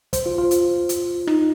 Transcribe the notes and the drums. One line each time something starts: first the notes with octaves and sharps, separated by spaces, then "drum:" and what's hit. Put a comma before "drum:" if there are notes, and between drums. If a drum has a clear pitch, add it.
C5, drum: kick, hi-hat
F4
F4
drum: hi-hat
drum: hi-hat
D#4, drum: rim click